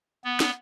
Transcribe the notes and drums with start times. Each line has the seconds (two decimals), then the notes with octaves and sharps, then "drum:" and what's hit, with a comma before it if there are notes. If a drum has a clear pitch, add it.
0.24 B3
0.40 drum: snare